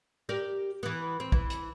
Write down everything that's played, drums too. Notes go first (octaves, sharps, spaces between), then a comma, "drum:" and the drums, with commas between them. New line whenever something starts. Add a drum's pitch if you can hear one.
G4 A#4 D5
E3 B3
C4
E3, drum: kick A#1
drum: hi-hat